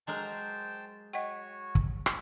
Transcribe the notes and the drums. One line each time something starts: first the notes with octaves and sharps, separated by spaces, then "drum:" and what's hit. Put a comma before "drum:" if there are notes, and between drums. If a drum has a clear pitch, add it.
F#3 G#3 A#4 C5 G5 A5
F#4 C#5 D#5 F#5 G5
drum: kick
drum: rim click